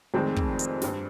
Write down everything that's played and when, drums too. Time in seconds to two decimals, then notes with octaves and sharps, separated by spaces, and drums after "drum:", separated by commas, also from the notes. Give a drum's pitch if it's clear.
0.14 F1 F2 D#3 G#3 C4 C5
0.36 drum: kick
0.59 drum: hi-hat
0.81 G2 G3, drum: snare